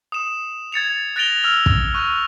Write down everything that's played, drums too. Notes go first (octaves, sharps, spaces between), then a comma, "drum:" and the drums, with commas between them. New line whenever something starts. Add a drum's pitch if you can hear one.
D#6 E7
G#6 A6 C#7 F7
F#6 A6 A#6 D7 F7 G7
E6 F6 F7
drum: kick
C#6 F#6